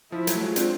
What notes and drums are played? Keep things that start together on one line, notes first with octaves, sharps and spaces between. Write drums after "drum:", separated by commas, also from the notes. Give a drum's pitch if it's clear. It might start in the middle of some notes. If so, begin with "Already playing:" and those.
F3 E4
F#3, drum: hi-hat
A3
F#3 G#3 F4
C4 D4, drum: hi-hat